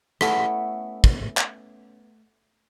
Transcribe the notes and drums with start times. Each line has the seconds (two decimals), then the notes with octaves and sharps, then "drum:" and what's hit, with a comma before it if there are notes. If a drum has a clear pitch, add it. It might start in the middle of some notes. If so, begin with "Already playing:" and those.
0.21 A3 B3 C#4 E4, drum: rim click
1.04 drum: kick
1.37 drum: clap